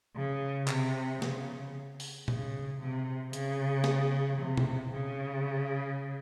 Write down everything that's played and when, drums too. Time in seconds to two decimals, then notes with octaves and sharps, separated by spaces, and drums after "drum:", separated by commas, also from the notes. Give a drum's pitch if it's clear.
0.15 C#3
0.68 C3, drum: clap
1.22 C#3, drum: snare
2.00 drum: open hi-hat
2.28 C#3, drum: tom A#2
2.80 C3
3.33 C#3, drum: hi-hat
3.84 drum: snare
4.39 C3
4.57 drum: tom B2
4.92 C#3